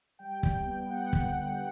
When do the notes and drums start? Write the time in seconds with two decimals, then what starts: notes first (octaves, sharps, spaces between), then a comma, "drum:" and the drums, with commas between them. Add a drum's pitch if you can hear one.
0.19 G3 G5
0.43 G3, drum: kick
0.65 B3
0.80 G5
0.89 B3 F#5
1.13 D3, drum: kick
1.36 G3